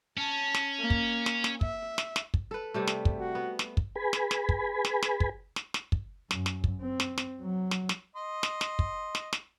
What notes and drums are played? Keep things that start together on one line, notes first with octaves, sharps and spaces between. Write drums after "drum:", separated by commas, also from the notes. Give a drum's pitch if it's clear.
C#4 A5
drum: snare
A#3
drum: kick
drum: snare
drum: snare
E5, drum: kick
drum: snare
drum: snare
drum: kick
A4 B4
C3 G3 A3
drum: snare
drum: kick
F#4
B3
drum: snare
drum: kick
G#4 B4 G#5 B5
drum: snare
drum: snare
drum: kick
drum: snare
drum: snare
drum: kick
drum: snare
drum: snare
drum: kick
F#2, drum: snare
drum: snare
drum: kick
C4
drum: snare
drum: snare
F#3
drum: snare
drum: snare
D#5 C6
drum: snare
drum: snare
drum: kick
drum: snare
drum: snare